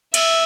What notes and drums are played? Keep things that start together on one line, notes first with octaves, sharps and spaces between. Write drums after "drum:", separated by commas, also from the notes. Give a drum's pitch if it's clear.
E5, drum: cymbal